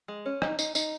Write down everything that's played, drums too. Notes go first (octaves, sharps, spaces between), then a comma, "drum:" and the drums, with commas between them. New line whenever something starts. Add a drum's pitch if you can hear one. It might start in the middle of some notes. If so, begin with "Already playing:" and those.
G#3
C#4
D#4, drum: rim click
D#4, drum: tambourine
D#4, drum: tambourine